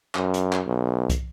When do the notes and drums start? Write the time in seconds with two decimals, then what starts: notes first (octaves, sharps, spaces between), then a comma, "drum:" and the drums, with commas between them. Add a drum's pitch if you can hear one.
0.15 F#2, drum: clap
0.34 drum: hi-hat
0.53 drum: clap
0.67 B1
1.10 drum: kick, hi-hat